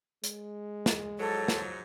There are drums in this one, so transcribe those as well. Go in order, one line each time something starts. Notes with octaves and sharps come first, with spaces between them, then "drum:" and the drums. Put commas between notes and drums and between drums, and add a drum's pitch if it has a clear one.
G#3, drum: hi-hat
drum: snare
G#2 F3 F#3 A4
drum: snare